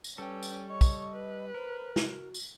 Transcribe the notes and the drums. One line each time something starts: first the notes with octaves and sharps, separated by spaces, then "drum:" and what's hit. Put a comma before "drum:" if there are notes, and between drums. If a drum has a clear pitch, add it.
drum: tambourine
G3 C#4 A4 B4 G5
drum: tambourine
C#5 D#5 C#6
drum: kick, tambourine
B4
A#4 C5
F#4, drum: snare
drum: tambourine